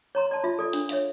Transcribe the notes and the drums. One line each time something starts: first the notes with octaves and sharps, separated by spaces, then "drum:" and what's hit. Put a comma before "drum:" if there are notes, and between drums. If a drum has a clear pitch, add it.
C#5 A#5 C6
D5 A5
F4 E5
A4 D5
D4, drum: hi-hat
C#5 E5 F5, drum: hi-hat